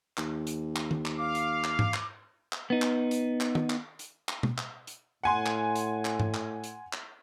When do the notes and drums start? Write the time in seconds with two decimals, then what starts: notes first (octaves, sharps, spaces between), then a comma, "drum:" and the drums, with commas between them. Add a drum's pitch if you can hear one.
0.17 D#2, drum: clap
0.47 drum: hi-hat
0.76 drum: clap
0.91 drum: tom
1.05 drum: clap
1.18 F5 D6
1.35 drum: hi-hat
1.64 drum: clap
1.79 drum: tom G#2
1.94 drum: clap
2.52 drum: clap
2.70 B3 D#4
2.82 drum: clap
3.11 drum: hi-hat
3.40 drum: clap
3.55 drum: tom
3.70 drum: clap
3.99 drum: hi-hat
4.29 drum: clap
4.43 drum: tom
4.58 drum: clap
4.87 drum: hi-hat
5.23 A2 F#5 G#5 C6
5.46 drum: clap
5.75 drum: hi-hat
6.05 drum: clap
6.20 drum: tom G#2
6.34 drum: clap
6.64 drum: hi-hat
6.93 drum: clap